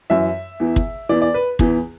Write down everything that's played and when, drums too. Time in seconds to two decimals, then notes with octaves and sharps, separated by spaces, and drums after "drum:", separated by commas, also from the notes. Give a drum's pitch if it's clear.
0.10 F#2 E3 E5
0.60 E2 E3
0.76 drum: kick
1.09 E2 E3 D5
1.22 D5
1.34 B4
1.59 E2 E3, drum: kick